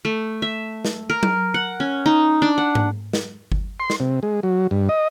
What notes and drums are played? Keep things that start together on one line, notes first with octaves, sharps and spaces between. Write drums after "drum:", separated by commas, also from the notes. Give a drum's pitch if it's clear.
A3
E5
drum: snare
A#4
drum: tom F#3
F#5
C#4
D#4
D4
F#5
drum: tom G#2
drum: snare
drum: kick G1
C6
drum: snare
C3
G#3
F#3
G2
D#5